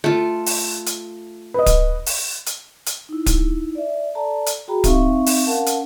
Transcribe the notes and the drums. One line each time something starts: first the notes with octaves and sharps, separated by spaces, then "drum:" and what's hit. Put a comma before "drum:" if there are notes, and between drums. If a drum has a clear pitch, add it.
A3 F4
drum: open hi-hat
drum: hi-hat
B4 D#5
drum: kick D1, hi-hat
drum: open hi-hat
drum: hi-hat
drum: hi-hat
D#4 E4
drum: kick D1, hi-hat
D5 E5
A4 D5 A5 A#5
drum: hi-hat
F#4 G#4 G5 A#5 B5
C4 D#4 E5 F5 C#6, drum: kick D1, hi-hat
drum: open hi-hat
C#4 A#4 F5 F#5 A5
drum: hi-hat